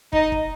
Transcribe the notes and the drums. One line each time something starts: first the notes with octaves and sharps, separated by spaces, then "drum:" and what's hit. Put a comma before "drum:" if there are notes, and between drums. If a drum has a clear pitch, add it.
D#4 D#5, drum: kick
drum: kick